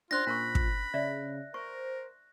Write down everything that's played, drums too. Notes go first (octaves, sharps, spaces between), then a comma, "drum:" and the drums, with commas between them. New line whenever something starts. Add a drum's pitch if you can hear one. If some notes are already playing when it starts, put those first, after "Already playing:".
C#4 D4 F4 C5 C6 F#6 A#6
A#2 D4 A#4 B5 C#6
drum: kick
C#3 D5 E5
A#4 C5 C#6